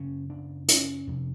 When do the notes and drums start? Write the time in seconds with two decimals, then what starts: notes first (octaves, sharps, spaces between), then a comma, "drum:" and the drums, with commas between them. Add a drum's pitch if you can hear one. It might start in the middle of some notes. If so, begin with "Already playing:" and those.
Already playing: F#2 C#3 C#4
0.30 D4
0.69 C#4, drum: hi-hat
1.07 F2 C3